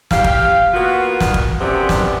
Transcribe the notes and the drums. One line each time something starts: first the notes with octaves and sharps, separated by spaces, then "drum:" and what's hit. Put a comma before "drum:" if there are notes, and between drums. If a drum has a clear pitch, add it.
G4 F5, drum: snare
drum: kick
A#3 B3 F4 F#4
drum: snare
drum: kick
F#2 C3 B3 G4 D5
drum: snare